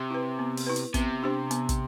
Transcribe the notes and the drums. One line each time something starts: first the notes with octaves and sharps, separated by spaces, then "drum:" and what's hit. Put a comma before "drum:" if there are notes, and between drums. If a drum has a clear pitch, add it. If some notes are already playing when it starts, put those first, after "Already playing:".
Already playing: C3
E4 B4
B3
drum: open hi-hat
E4 B4
drum: hi-hat
C3 B3, drum: kick, hi-hat
D4 G4 C5
B3, drum: hi-hat
drum: kick, hi-hat